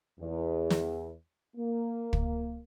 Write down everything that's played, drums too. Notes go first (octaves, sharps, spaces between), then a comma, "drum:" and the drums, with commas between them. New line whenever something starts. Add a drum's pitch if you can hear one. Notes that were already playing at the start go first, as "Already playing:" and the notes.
E2
drum: snare
A#3
drum: kick